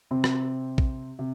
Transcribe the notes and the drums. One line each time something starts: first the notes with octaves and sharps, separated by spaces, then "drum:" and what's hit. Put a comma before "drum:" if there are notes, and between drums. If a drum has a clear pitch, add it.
C3 C4
drum: rim click
drum: kick A#1
C3